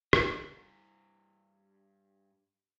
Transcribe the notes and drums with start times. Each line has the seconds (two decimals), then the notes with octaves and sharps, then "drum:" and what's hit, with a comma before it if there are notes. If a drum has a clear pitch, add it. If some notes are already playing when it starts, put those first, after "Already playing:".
0.13 G2 D#5, drum: rim click